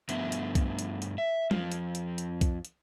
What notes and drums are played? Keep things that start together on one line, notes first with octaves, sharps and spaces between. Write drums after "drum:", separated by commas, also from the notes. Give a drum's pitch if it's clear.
G2 F3 A3 B3 D4 E5, drum: hi-hat
drum: hi-hat
drum: kick B1, hi-hat
drum: hi-hat
drum: hi-hat
E5
F2 F3, drum: tom F#3
drum: hi-hat
drum: hi-hat
drum: hi-hat
drum: kick B1, hi-hat
drum: hi-hat